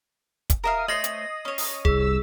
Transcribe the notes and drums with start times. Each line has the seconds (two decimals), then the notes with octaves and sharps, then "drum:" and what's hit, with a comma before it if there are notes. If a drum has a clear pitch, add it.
0.50 drum: kick, hi-hat
0.64 A#4 E5 F5 D#6
0.88 A3 C5 C#5 D#5 A#6 C7
1.04 drum: hi-hat
1.45 C#4 C#5
1.58 drum: open hi-hat
1.85 C2 G#4 E6, drum: kick